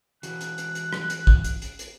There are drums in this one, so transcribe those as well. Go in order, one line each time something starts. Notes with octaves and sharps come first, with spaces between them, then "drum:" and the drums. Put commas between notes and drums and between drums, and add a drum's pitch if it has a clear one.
E3 F#4 F#6, drum: hi-hat
drum: hi-hat
drum: hi-hat
drum: hi-hat
drum: rim click
drum: hi-hat
drum: kick
drum: hi-hat
drum: hi-hat
drum: hi-hat